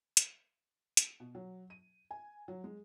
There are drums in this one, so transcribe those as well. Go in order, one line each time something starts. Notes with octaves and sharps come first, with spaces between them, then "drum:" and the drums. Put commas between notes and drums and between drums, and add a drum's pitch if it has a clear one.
drum: hi-hat
drum: hi-hat
B2
F#3
D#7
G#5
F#3
G#3